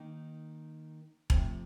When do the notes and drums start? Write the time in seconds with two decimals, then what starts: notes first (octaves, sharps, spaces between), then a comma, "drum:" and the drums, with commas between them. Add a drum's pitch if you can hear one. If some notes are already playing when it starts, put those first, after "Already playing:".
Already playing: D#3 A#3 D#4
1.30 F2 C3 F3 A3 C4, drum: kick E1